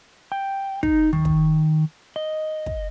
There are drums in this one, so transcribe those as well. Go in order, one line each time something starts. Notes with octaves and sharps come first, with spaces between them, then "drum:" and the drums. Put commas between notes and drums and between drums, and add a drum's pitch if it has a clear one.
G5
D#4, drum: kick
D#3, drum: tom
drum: kick
D#5
drum: kick